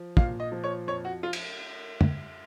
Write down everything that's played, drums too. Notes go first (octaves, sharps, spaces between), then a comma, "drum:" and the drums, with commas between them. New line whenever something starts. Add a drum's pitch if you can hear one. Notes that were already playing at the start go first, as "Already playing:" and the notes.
Already playing: F3
A#2 F5, drum: kick
D#5
F3
C#5
F2 C#5
F#4
F4
drum: cymbal
drum: tom